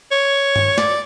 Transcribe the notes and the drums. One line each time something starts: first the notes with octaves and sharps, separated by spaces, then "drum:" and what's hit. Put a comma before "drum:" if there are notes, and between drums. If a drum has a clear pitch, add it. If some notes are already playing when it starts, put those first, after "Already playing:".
C#5
drum: tom G2
D5, drum: snare